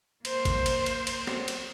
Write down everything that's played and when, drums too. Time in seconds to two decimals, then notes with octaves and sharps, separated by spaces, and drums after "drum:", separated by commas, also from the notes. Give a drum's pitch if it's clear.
0.25 A#3 C5, drum: cymbal
0.45 drum: kick, cymbal
0.66 drum: cymbal
0.86 drum: cymbal
1.07 drum: cymbal
1.27 drum: snare
1.48 drum: cymbal